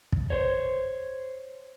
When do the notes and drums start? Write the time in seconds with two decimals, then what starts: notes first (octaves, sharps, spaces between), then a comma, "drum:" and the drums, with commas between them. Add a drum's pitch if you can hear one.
0.12 drum: kick
0.30 C5 C#5